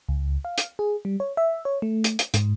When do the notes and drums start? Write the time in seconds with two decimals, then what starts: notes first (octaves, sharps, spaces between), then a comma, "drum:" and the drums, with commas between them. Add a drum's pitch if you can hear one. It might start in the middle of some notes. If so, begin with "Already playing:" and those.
0.09 C#2
0.45 F5
0.58 drum: hi-hat
0.79 G#4
1.05 G3
1.20 C#5
1.37 E5
1.65 C#5
1.82 A3
2.04 drum: hi-hat
2.19 drum: hi-hat
2.34 G#2, drum: hi-hat